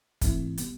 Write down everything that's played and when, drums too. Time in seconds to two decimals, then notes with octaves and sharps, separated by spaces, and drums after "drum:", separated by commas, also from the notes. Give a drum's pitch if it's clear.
0.21 G#2 E3 A3 C4 E4, drum: kick, hi-hat
0.58 B2 G3 B3, drum: hi-hat